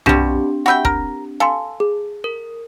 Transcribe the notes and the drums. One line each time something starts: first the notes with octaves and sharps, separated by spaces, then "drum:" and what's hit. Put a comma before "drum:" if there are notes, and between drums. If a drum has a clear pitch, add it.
B2 G3 C4 D4 G4, drum: tom B1
F#4 E5 F#5 G5 B5 G6
A#4, drum: kick
A4 F5 G#5 C6
G#4
A#4